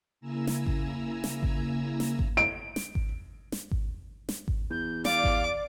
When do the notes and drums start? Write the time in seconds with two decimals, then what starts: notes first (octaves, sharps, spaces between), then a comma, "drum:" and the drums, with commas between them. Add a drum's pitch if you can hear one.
0.21 C#3 A#3 E4 G#5 A#5 E6
0.47 drum: snare
0.66 drum: kick G#1
1.24 drum: snare
1.43 drum: kick G#1
2.00 drum: snare
2.19 drum: kick G#1
2.37 D7
2.76 drum: snare
2.95 drum: kick G#1
3.52 drum: snare
3.71 drum: kick G#1
4.29 drum: snare
4.48 drum: kick G#1
4.70 E2 G6
5.05 D5 F5 D6, drum: snare
5.24 drum: kick G#1